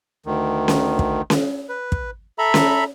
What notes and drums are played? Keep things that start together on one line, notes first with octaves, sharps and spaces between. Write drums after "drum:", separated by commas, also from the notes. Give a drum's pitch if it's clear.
D2 D#3
drum: snare C#4
drum: kick
drum: snare C#4
B4
drum: kick
A4 E5 A#5 B5
drum: snare C#4